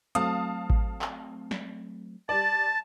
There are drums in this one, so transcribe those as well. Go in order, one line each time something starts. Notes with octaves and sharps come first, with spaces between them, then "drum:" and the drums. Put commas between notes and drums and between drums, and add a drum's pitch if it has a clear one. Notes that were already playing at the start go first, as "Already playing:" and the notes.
F#3 A3 C4 F5 A5 D#6, drum: hi-hat
drum: kick G#1
drum: clap
drum: snare
G3 D5 A5 A6